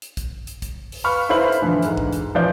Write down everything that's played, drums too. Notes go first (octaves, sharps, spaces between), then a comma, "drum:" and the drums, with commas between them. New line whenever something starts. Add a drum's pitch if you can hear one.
drum: hi-hat
drum: kick, hi-hat
drum: hi-hat
drum: kick, hi-hat
drum: open hi-hat
B4 F5 B5 C#6 F6
E4 A4 B4 C5 B5 F#7
drum: hi-hat
D3 E3 F3
E2 G#2, drum: hi-hat
drum: kick
drum: hi-hat
E3 F3 C#4 D5 G6